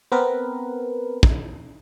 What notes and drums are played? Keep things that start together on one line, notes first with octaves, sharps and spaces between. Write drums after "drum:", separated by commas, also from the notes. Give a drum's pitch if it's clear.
B3 C4 A#4 B4
drum: kick